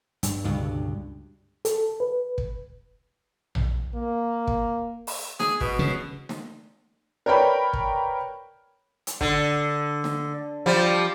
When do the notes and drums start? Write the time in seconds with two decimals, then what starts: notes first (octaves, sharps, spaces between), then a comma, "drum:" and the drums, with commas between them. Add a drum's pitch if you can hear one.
0.23 G2, drum: hi-hat
0.44 C#2 G2 B2 D3
1.65 A4, drum: hi-hat
2.00 B4
2.38 drum: kick
3.55 drum: tom A#1
3.95 A#3
4.47 drum: kick
5.07 drum: open hi-hat
5.40 G#4, drum: snare
5.61 B2, drum: kick
5.79 C#3
6.29 drum: snare
7.26 A#4 B4 C#5 D5 G5 B5
7.73 drum: kick
9.07 drum: hi-hat
9.21 D3, drum: kick
10.04 drum: snare
10.66 F3 G3